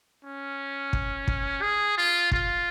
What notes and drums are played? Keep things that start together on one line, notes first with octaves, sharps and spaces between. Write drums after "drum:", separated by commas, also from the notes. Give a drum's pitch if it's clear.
C#4
drum: kick
drum: kick
G#4
F4
F4, drum: kick